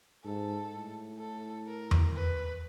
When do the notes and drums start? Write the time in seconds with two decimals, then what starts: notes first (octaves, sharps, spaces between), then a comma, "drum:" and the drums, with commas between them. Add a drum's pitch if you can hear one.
0.24 G#2 A4
0.72 A2
1.19 A4
1.67 A#4
1.91 drum: tom E2
2.15 B4